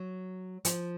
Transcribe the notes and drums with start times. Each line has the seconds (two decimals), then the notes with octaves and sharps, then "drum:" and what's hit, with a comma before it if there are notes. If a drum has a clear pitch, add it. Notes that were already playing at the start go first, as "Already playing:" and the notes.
Already playing: F#3
0.65 F3, drum: hi-hat